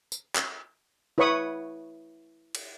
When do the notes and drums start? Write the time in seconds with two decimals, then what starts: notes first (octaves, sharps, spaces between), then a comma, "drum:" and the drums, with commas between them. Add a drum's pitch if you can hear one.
0.12 drum: tambourine
0.36 drum: clap
1.18 E4 B4 C#5 B5 C#6 D#6
2.55 drum: cymbal